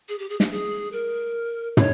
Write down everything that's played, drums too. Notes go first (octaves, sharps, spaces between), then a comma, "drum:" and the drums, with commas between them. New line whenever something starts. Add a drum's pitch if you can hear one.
G#4
G4
G#4
G4, drum: snare
G#4
A#4
C#5, drum: tom